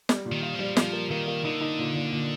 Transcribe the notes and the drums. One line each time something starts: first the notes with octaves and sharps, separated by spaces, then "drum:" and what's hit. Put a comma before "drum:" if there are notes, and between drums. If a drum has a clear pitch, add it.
G3, drum: snare
A#2
D#3
F4
F3 G3
F3 F4, drum: snare
A#3
D#3 A#3
A#3
D3 D#4
D#4
A#2
A#2
A#2